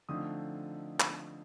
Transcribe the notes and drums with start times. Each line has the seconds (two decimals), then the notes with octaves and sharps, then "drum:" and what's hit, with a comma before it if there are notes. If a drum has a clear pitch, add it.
0.09 D3 F3 A3 C4 D#4 D#6
1.00 drum: clap